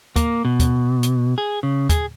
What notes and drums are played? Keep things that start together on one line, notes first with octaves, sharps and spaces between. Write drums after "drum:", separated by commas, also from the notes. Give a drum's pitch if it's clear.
A#3, drum: kick, hi-hat
B2
drum: kick, hi-hat
drum: hi-hat
G#4
C#3
G#4, drum: kick, hi-hat